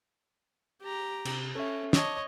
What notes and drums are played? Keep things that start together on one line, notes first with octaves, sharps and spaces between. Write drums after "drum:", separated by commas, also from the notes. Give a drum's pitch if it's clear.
G4 A#5
C3, drum: cymbal
C#4 A4 E5
C#5 D#5 A5 D6, drum: snare